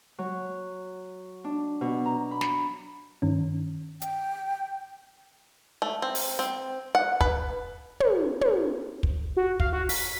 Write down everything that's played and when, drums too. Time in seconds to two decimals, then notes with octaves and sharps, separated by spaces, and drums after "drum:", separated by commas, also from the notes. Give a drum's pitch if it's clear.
0.19 F#3
1.44 D4
1.81 B2
2.05 A#5
2.31 B5
2.41 drum: snare
3.22 G2 D#3 C#4
4.01 G5, drum: hi-hat
5.82 A3
6.02 C4
6.15 drum: open hi-hat
6.39 C4
6.95 F#5
7.21 B4, drum: kick
8.00 drum: tom
8.41 drum: tom
9.03 drum: kick
9.37 F#4
9.60 F5, drum: kick
9.73 F#4
9.89 B6, drum: open hi-hat